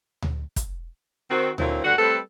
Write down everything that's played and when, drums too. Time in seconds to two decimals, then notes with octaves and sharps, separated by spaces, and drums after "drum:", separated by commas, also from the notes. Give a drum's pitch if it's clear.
0.22 drum: tom D2
0.56 drum: kick, hi-hat
1.30 D#3 C4 F#4
1.58 A#2 D3 F#3 C4 E4 F4, drum: tom D2
1.84 D2 G2 D3 F#4 F#5
1.98 G3 A3 C4 A4 B4